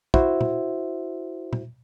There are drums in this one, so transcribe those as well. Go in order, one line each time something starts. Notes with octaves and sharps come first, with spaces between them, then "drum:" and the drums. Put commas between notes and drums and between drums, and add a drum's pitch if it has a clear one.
E4 F#4 C5 E5, drum: kick
drum: tom A#2
drum: tom A#2